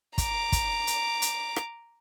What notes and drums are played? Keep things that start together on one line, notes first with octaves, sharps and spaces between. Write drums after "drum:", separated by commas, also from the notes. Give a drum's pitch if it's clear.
A#5 D6, drum: kick, hi-hat
drum: kick, hi-hat
drum: hi-hat
drum: hi-hat
drum: rim click